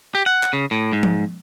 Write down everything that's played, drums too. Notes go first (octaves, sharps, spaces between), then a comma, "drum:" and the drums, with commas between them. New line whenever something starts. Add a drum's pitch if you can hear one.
G4
F#5
drum: clap
C#3
A2
G#2
drum: tom F3